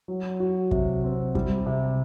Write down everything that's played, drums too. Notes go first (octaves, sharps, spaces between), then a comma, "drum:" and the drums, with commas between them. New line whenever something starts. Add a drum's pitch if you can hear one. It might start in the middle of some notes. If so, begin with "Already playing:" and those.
F#3
F#4
C3, drum: kick
C4
G3, drum: kick
C3